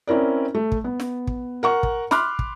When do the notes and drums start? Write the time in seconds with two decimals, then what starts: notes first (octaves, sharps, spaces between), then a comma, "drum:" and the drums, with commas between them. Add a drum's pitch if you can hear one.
0.07 C4 C#4 E4 A#4 D5
0.55 A3
0.72 drum: kick
0.84 B3
1.00 drum: snare
1.27 drum: kick
1.63 A#4 F#5 C#6
1.83 drum: kick
2.11 B5 C6 D6 F6 F#6, drum: snare
2.39 drum: kick